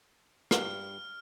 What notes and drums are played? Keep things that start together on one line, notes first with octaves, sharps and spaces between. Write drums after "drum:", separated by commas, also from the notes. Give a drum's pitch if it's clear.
G2 G3 F5 F6, drum: rim click